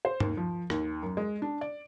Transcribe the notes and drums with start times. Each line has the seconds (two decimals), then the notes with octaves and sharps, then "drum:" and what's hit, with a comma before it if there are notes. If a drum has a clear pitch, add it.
0.05 C5
0.20 D#2, drum: tom
0.37 F3
0.70 D#2, drum: rim click
1.03 F#2
1.17 G#3
1.42 D4
1.61 D5